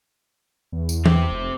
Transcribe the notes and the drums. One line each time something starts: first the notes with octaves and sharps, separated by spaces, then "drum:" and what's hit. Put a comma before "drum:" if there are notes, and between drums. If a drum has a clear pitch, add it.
E2
drum: tambourine
C4 G4, drum: tom E3
F1